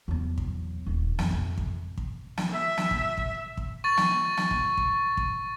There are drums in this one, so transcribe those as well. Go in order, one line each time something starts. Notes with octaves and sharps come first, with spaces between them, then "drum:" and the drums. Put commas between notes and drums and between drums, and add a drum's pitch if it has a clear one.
E2 F#3
drum: kick
D#1 D#4
F2 E3, drum: snare
drum: kick
drum: kick
drum: kick
drum: snare
E5
drum: snare
drum: kick
drum: kick
drum: kick
C#6 A6
drum: snare
drum: snare
drum: kick
drum: kick
drum: kick